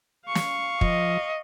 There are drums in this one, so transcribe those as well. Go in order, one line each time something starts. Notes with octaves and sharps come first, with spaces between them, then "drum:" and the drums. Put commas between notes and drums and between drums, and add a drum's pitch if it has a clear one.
F5 C#6
drum: snare
F3 D#5, drum: kick